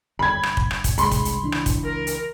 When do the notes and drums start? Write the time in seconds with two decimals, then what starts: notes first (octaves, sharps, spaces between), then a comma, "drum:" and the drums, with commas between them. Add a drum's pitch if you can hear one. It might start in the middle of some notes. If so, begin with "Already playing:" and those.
0.19 G1 B5 G#6
0.43 drum: rim click
0.57 drum: kick
0.71 drum: rim click
0.84 drum: kick, hi-hat
0.98 C2 G2 G#3 B5 C6, drum: hi-hat
1.11 drum: kick, hi-hat
1.25 drum: hi-hat
1.43 C#2 E3 D4
1.52 drum: rim click
1.66 drum: kick, hi-hat
1.85 A#4
2.07 drum: hi-hat